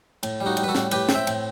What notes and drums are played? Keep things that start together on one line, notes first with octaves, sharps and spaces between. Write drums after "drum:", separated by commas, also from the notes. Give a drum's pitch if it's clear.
A2, drum: cymbal
G3
D#4 F#4
G3, drum: cymbal
B4
F#4 A4
A2, drum: snare
A2 G4 B4, drum: cymbal
C4, drum: snare
E5 G5
A2, drum: cymbal